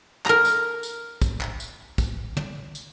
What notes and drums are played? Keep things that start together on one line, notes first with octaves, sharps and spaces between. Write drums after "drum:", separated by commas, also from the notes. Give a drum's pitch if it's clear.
A#4 A#5, drum: clap
drum: tambourine
drum: tambourine
drum: kick, tambourine
drum: clap
drum: tambourine
drum: kick, tambourine
drum: tom
drum: tambourine